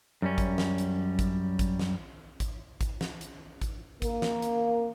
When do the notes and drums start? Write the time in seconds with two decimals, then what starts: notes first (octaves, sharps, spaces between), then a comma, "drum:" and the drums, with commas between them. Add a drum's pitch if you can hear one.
0.22 F#2 G3 C#4
0.38 drum: kick G#1, hi-hat
0.58 drum: snare
0.78 drum: hi-hat
1.19 drum: kick G#1, hi-hat
1.59 drum: kick G#1, hi-hat
1.79 drum: snare
2.40 drum: kick G#1, hi-hat
2.81 drum: kick G#1, hi-hat
3.01 drum: snare
3.21 drum: hi-hat
3.62 drum: kick G#1, hi-hat
4.02 A#3, drum: kick G#1, hi-hat
4.22 drum: snare
4.42 drum: hi-hat